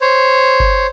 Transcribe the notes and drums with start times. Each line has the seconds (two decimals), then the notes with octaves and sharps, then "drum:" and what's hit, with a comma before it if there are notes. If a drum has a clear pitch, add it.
0.01 C5 C#5
0.60 drum: kick G1